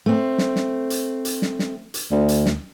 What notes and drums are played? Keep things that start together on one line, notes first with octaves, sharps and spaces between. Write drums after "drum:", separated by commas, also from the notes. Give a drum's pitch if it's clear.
A3 C4
drum: snare
drum: snare
drum: hi-hat
drum: hi-hat
drum: snare
drum: snare
drum: hi-hat
D2
drum: hi-hat
drum: snare